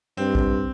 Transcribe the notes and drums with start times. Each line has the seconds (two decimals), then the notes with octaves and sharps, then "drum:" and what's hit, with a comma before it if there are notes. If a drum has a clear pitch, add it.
0.17 G2 C4
0.35 drum: kick A1